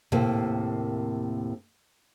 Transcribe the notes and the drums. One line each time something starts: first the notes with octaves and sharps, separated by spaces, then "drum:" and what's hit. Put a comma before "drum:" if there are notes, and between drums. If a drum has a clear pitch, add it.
D#2 A2 C3 A#3 C4 A4, drum: tom A#2